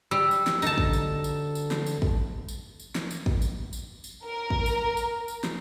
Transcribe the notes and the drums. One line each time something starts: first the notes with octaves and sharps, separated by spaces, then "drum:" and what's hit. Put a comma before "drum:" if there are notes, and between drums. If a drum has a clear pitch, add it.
G3 E6
drum: tambourine
drum: snare
D2 D#4 A4 A5, drum: tambourine
drum: kick
drum: tambourine
drum: tambourine
drum: tambourine
drum: snare
drum: tambourine
drum: kick
drum: tambourine
drum: tambourine
drum: snare
drum: tambourine
drum: kick
drum: tambourine
drum: tambourine
drum: tambourine
A#4
drum: kick
drum: tambourine
drum: tambourine
drum: tambourine
drum: snare